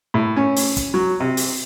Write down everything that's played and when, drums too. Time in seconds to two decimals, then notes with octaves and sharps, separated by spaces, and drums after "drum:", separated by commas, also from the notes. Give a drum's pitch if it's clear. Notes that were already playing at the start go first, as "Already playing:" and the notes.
0.14 A2
0.36 C#4
0.57 drum: open hi-hat
0.77 drum: kick, hi-hat
0.94 F#3
1.20 C3
1.37 drum: open hi-hat